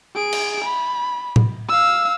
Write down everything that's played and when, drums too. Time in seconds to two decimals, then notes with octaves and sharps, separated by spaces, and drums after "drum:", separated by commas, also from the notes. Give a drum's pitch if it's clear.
0.15 G#4 D7
0.33 drum: cymbal
0.64 B5
1.36 drum: tom A2
1.69 F5 E6